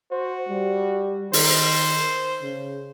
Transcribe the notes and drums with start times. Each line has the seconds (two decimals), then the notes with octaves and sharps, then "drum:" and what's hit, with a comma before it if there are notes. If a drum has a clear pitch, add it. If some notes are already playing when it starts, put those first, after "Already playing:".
0.11 F#4 C5
0.49 G3
1.33 D#3 C5, drum: open hi-hat
2.42 C#3